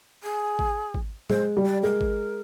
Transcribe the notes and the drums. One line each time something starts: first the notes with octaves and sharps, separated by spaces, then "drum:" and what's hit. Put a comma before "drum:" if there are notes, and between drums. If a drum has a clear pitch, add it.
G#4
drum: kick G#1
drum: kick G#1
G#3 C5, drum: tom A2
G3
D5
G#3 A#4
drum: kick G#1